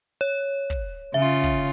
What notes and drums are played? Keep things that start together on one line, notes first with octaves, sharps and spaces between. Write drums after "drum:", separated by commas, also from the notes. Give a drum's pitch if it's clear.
C#5
drum: kick
C#3 F4 E5
drum: kick